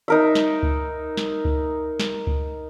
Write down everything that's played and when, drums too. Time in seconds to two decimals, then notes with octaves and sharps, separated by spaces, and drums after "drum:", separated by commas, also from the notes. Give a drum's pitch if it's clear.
0.08 D#4 A#4 E5
0.35 drum: snare
0.63 drum: kick C#2
1.17 drum: snare
1.45 drum: kick C#2
2.00 drum: snare
2.27 drum: kick C#2